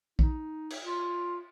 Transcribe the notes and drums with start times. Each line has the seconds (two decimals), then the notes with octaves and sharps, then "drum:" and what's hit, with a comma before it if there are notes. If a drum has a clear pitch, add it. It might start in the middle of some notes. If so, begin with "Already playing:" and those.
0.19 D#4, drum: kick
0.70 drum: cymbal
0.82 F4